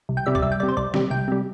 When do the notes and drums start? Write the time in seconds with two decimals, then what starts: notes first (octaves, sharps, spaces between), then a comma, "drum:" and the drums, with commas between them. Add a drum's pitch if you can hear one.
0.09 C2
0.17 G5
0.26 C3 G3 E5
0.35 D5, drum: kick
0.42 C2 E5
0.52 G5
0.60 C3 G3 D5
0.68 C5
0.77 C2 D5
0.94 C3 G3, drum: snare
1.11 C2 G5
1.28 C3 G3